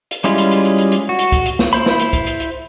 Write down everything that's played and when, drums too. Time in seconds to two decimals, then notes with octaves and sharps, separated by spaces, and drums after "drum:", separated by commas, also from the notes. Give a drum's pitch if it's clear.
0.11 drum: hi-hat
0.24 G3 G#3 C#4 E4 F4, drum: hi-hat
0.38 drum: hi-hat
0.51 drum: hi-hat
0.65 drum: hi-hat
0.78 drum: hi-hat
0.92 drum: hi-hat
1.09 F#4
1.19 drum: hi-hat
1.32 drum: kick C2, hi-hat
1.46 drum: hi-hat
1.59 drum: snare
1.73 E4 C5 B5, drum: hi-hat
1.86 drum: snare
2.00 drum: hi-hat
2.13 drum: kick C2, hi-hat
2.27 drum: hi-hat
2.40 drum: hi-hat